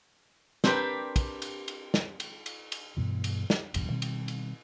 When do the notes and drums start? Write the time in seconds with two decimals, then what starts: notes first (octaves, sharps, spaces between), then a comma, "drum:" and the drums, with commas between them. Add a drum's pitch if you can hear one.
0.64 C4 D4 G4 A#4 B4, drum: snare
1.16 drum: kick, cymbal
1.42 drum: cymbal
1.68 drum: cymbal
1.94 drum: snare
2.20 drum: cymbal
2.46 drum: cymbal
2.72 drum: cymbal
2.97 G2 B2 E3
3.24 drum: cymbal
3.50 drum: snare
3.74 F#1 B1 E2 G2, drum: cymbal
3.90 B2 D#3 G3 C4
4.02 drum: cymbal
4.28 drum: cymbal